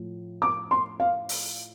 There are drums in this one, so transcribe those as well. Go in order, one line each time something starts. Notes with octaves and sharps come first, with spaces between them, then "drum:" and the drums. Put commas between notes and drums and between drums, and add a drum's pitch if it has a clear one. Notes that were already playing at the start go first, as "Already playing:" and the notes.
Already playing: A2 F3
D6
C6
F5
drum: open hi-hat